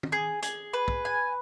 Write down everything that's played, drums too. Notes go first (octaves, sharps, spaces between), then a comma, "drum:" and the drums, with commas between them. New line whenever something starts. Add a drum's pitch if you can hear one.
drum: tom
G#4
G#4, drum: hi-hat
B4
drum: kick
G#5